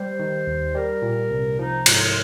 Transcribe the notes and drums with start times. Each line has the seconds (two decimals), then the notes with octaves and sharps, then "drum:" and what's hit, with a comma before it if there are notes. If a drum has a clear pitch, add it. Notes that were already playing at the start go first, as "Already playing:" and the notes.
Already playing: G3 C5
0.19 D#3
0.47 D#2
0.75 G3 A#4
1.02 A#2
1.30 C2
1.59 F3 D#4
1.86 G#2 F4, drum: cymbal
1.93 D#4
2.01 F4